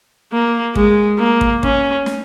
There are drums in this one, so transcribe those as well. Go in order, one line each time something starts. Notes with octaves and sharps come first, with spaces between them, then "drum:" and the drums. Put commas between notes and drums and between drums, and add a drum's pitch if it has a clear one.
A#3
G#3, drum: kick
A#3
drum: kick
C#4, drum: kick
drum: snare